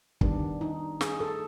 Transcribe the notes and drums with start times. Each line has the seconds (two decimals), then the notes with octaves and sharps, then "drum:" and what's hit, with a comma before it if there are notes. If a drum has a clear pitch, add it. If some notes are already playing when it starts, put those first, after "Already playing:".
0.21 D#3 G3 B3 D4, drum: kick
0.61 D#4
1.01 G#4, drum: snare
1.20 A4